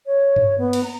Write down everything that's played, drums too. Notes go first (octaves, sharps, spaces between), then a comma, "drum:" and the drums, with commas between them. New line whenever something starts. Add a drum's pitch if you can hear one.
C#5
drum: tom G2
B3
drum: cymbal
A#5